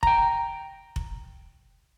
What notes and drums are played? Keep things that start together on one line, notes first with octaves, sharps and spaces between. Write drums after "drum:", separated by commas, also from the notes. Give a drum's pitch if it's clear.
G5 A#5, drum: kick F1
drum: kick F1